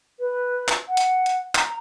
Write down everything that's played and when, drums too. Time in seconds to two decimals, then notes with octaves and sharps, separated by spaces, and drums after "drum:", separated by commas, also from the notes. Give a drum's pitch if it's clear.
0.19 B4
0.68 drum: clap
0.88 F#5
0.97 drum: hi-hat
1.26 drum: hi-hat
1.55 A#5, drum: clap